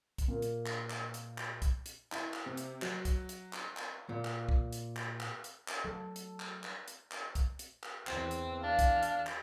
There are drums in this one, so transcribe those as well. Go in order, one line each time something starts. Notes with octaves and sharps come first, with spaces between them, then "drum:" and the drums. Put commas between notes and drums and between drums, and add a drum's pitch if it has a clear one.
drum: kick, hi-hat
A#2 A#3
drum: hi-hat
drum: clap
drum: clap
drum: hi-hat
drum: clap
drum: kick, hi-hat
drum: hi-hat
E4, drum: clap
drum: clap
C3
drum: hi-hat
F#3, drum: clap
drum: kick, hi-hat
drum: hi-hat
drum: clap
drum: clap
A#2
drum: clap
drum: kick
drum: hi-hat
drum: clap
drum: clap
drum: hi-hat
drum: clap
F#3 A4
drum: hi-hat
drum: clap
drum: clap
drum: hi-hat
drum: clap
drum: kick, hi-hat
drum: hi-hat
drum: clap
E2 E3 C4, drum: clap
drum: hi-hat
D4 F5
drum: kick, hi-hat
drum: hi-hat
drum: clap